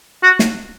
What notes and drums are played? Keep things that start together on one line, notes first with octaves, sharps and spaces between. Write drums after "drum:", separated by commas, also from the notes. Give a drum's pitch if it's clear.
F#4
drum: snare